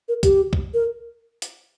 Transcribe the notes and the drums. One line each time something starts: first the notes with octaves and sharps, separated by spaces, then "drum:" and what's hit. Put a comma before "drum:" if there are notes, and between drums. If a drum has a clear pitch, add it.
A#4
G4, drum: kick, hi-hat
drum: kick
A#4
drum: hi-hat